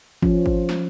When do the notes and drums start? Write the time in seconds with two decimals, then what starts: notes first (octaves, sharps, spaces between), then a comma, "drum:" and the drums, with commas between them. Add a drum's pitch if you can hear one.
0.22 F3 C#4, drum: kick G#1
0.46 drum: kick G#1
0.69 drum: snare